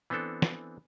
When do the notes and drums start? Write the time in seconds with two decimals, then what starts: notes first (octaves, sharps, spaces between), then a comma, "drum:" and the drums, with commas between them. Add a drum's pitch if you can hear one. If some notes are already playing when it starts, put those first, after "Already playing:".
0.10 E3 B3 C4 D4 A4
0.42 drum: snare